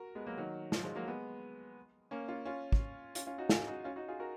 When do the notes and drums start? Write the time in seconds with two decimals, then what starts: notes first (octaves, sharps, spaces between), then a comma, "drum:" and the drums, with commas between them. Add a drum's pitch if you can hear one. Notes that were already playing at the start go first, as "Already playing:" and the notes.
Already playing: F#4 A#4
0.15 G#3 B3
0.26 F#3 A#3
0.37 D#3 F#3
0.72 F3, drum: snare
0.84 F3 G#3
0.96 F#3 A#3
1.08 G#3 B3
2.11 A#3 C#4
2.28 C#4 F4
2.45 C#4 F4
2.72 drum: kick
3.15 C#4 F4, drum: hi-hat
3.27 C#4 F4
3.38 D#4 F#4
3.49 F4 G#4, drum: snare
3.67 D#4 F#4
3.84 C#4 F4
3.96 D#4 F#4
4.08 F4 G#4
4.20 F#4 A#4